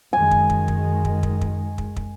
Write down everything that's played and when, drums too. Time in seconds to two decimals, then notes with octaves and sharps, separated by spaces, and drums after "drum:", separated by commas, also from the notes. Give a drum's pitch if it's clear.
0.13 F#2 D#3 G#3 G#5
0.31 drum: kick
0.50 drum: kick
0.68 drum: kick
1.05 drum: kick
1.23 drum: kick
1.41 drum: kick
1.78 drum: kick
1.96 drum: kick